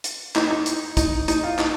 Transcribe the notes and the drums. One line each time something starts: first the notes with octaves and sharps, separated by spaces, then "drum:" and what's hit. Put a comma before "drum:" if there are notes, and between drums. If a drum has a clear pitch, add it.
drum: hi-hat
D#4, drum: clap
D#4
drum: hi-hat
D#4, drum: kick, hi-hat
D#4, drum: hi-hat
F4
D#4, drum: clap